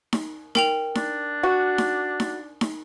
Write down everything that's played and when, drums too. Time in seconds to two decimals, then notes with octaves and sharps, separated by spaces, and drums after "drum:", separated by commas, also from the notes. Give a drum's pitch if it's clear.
0.13 drum: snare D#4
0.55 A#4 G5 F7, drum: snare D#4
0.95 D4, drum: snare D#4
1.43 F#4
1.78 drum: snare D#4
2.20 drum: snare D#4
2.61 drum: snare D#4